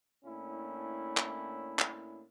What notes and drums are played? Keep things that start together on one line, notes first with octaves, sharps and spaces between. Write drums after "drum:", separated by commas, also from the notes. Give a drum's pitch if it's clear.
A2 A#3 C#4 D4 E4
drum: clap
drum: clap